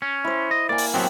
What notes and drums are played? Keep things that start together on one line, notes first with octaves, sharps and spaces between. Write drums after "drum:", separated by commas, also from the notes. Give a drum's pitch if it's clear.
C#4
E4 C5
D#5
A#3 D5 G#5
drum: open hi-hat
F#3 B3 C4 G4 A5